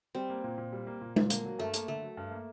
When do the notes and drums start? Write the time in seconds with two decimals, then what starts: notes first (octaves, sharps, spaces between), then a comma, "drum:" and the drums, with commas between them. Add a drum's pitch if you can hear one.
0.15 G3 C4
0.30 A#3
0.44 A#2
0.58 A#2
0.73 G3
0.87 A#3
1.01 A#2
1.16 A#2, drum: tom G#3
1.30 D3 A#3, drum: hi-hat
1.45 F#3
1.59 G2 A3
1.74 A#3, drum: hi-hat
1.88 D3 A3
2.02 F#3
2.17 G2
2.31 A#3